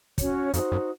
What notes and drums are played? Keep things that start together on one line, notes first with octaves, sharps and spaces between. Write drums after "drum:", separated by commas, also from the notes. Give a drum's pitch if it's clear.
C#4 F#4 C#5, drum: kick, hi-hat
F2 D#4 F#4 C5, drum: hi-hat
F#2